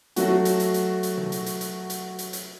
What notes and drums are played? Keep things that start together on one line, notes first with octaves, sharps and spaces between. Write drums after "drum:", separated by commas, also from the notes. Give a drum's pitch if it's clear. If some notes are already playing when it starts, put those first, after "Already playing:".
F#3 A3 F#4, drum: hi-hat
drum: hi-hat
drum: hi-hat
drum: hi-hat
drum: hi-hat
drum: tom B2
drum: hi-hat
drum: hi-hat
drum: hi-hat
drum: hi-hat
drum: hi-hat
drum: hi-hat